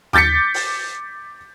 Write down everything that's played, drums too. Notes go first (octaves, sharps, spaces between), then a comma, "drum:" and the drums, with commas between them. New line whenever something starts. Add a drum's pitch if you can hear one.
D6 G6 A6 B6 C#7, drum: tom D#2
drum: open hi-hat